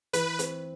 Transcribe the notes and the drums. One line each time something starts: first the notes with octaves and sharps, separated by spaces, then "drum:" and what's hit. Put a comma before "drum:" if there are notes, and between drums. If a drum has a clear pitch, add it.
E3 B4, drum: hi-hat
C4, drum: hi-hat